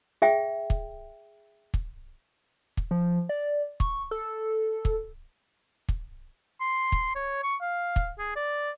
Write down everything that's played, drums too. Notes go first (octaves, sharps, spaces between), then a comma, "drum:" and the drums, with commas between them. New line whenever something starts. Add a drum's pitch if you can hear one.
G#4 E5 G5
drum: kick
drum: kick
drum: kick
F3
D5
C#6, drum: kick
A4
drum: kick
drum: kick
C6
drum: kick
C#5
C#6
F5
drum: kick
G#4
D5